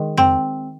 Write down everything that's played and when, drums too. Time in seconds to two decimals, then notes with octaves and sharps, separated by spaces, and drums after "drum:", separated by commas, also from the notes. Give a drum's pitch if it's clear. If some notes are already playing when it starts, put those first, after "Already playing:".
Already playing: D#3 G#3
0.17 C4, drum: tom F2